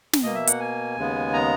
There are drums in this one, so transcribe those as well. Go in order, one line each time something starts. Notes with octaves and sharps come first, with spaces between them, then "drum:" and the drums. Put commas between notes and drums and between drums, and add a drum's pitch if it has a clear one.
drum: snare
B2 A#3 D#5
E5
F#5, drum: hi-hat
G#5
D#2 C#3 G#3 B3
A#5